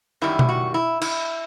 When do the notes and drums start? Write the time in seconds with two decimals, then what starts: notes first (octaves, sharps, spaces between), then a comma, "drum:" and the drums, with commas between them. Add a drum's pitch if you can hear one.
0.22 F#2 D#3 G3 E4
0.39 drum: tom B2
0.49 F#4
0.74 E4
1.01 E4, drum: cymbal